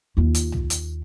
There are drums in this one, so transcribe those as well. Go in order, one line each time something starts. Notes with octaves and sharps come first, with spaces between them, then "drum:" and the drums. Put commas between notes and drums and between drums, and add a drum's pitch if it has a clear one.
D#2 F4
drum: hi-hat
drum: tom C2
drum: hi-hat